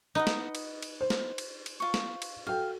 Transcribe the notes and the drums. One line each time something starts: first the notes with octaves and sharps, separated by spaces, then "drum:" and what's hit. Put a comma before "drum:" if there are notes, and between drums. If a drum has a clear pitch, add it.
D#4 B4 D#5 F#5
drum: snare
drum: cymbal
drum: cymbal
C5
drum: snare
drum: cymbal
drum: cymbal
F4 C#6
drum: snare
drum: cymbal
F#4 A4 F5 G5